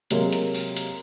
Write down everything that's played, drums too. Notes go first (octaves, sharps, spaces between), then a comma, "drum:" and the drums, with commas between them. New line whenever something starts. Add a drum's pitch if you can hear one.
C3 F#3 G#3 A#3, drum: hi-hat
drum: hi-hat
drum: open hi-hat
drum: hi-hat